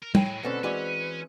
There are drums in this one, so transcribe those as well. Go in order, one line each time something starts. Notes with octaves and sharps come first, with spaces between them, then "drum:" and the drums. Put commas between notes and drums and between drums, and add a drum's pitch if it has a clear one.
A#4
A2 F#3 G#3 G5 G#5, drum: tom
B2 D3 A3 C4 C#4 A4 B4 A#6
E3 G#3 C4 C#4 F#4 D5